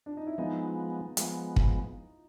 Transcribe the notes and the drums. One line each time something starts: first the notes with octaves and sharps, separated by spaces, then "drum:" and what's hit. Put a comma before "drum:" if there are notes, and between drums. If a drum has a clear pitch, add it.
D4
D#4
E4
F3 G#3 B3 D#4 F4
F3 G#3 B3, drum: hi-hat
drum: kick